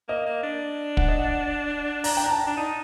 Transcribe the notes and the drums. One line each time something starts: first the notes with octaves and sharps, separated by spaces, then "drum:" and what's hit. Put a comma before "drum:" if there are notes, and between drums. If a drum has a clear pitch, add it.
A#3 D#5
A#3
D4
F#5, drum: kick
D#5
F#5
A#5, drum: open hi-hat
G5
A#5
A5
D4 A#5
D#4 A5